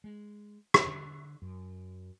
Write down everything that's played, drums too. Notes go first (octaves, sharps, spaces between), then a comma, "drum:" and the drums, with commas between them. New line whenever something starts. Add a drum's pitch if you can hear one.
G#3
drum: rim click
D3
F#2